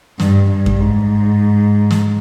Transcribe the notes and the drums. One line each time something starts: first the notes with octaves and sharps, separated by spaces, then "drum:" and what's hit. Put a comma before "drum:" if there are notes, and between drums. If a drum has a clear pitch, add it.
G2, drum: snare
G2
drum: kick F#2
G#2
drum: snare